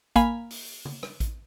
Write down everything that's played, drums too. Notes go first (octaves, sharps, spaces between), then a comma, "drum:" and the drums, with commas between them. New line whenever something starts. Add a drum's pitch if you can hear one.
A#3 F5 G#5 B5, drum: kick A1, hi-hat
drum: open hi-hat
drum: tom C#3
drum: rim click
drum: kick A1, hi-hat